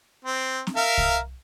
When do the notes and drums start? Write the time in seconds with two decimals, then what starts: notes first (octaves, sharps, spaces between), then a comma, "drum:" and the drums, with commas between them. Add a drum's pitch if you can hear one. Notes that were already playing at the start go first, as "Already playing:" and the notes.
0.25 C4
0.67 drum: snare C4
0.76 A#4 E5 F5
0.98 drum: kick C2